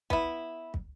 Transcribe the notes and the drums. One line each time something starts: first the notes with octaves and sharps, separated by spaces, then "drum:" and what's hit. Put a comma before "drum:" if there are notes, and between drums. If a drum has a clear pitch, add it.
B3 E4, drum: kick
drum: kick